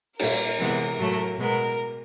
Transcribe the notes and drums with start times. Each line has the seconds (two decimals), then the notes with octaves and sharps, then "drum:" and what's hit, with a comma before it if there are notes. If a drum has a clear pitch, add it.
0.19 A#2 G3 A#3 A#4, drum: cymbal
0.59 C3 E3 G#3 B3
0.99 A2 F#3 A3
1.39 B2 G#3 B3 A#4